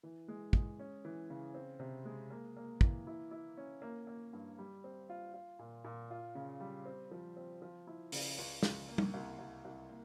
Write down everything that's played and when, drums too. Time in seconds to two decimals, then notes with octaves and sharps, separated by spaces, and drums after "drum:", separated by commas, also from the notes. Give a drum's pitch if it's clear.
0.03 E3
0.28 G#3
0.53 G#3, drum: kick
0.79 C#4
1.05 E3
1.30 C#3
1.54 C4
1.80 C3
2.05 G#3
2.30 A#3
2.57 A#3
2.81 E3, drum: kick
3.07 E4
3.31 E4
3.57 C#4
3.82 A#3
4.07 A#3
4.33 G2
4.58 G3
4.84 C4
5.09 F4
5.34 F4
5.59 A#2
5.84 A#2
6.10 F4
6.35 C#3
6.60 G3
6.85 C4
7.11 F3
7.37 C4
7.62 F3
7.87 E4
8.12 C#3, drum: open hi-hat
8.38 C#2
8.63 C#2, drum: snare
8.88 A#3
8.98 drum: tom G3
9.14 C2
9.39 C2
9.65 C2
9.89 A#3